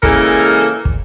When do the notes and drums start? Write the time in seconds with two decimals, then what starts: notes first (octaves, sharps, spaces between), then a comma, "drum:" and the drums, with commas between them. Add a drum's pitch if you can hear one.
0.03 C#3 E3 G#3 A#3 A4 A#4, drum: kick
0.85 drum: kick